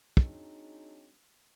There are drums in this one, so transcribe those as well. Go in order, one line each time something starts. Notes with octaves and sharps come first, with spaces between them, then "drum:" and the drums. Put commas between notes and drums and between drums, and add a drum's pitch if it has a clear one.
F#3 G#3 C4 D4 D#4, drum: kick